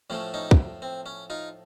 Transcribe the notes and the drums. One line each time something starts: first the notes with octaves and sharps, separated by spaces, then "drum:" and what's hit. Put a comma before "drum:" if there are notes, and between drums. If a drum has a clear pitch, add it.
A2 F3 A3 C#4
C#4 D#4
drum: kick
C4
C#4
D#4 F4